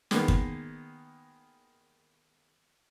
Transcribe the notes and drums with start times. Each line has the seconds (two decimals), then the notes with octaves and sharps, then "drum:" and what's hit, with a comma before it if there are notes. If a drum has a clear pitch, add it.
0.11 D#3 G#3 A#3 B3, drum: snare
0.28 drum: kick